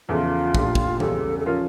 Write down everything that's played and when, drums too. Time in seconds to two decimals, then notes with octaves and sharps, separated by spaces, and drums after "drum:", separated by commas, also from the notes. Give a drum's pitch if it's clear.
0.09 E2 C#3 F3 A3 C#4 F4
0.55 A#2 F3 A3 D4 G4, drum: kick
0.75 drum: kick
1.00 E2 C#3 G3 C#4 A4, drum: tom E3
1.39 A4
1.46 F3 C#4 F4 A#4